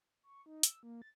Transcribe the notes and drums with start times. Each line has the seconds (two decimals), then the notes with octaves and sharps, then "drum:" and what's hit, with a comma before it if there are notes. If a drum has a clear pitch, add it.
0.23 C#6
0.46 D#4
0.63 E6, drum: hi-hat
0.83 A#3
1.02 A6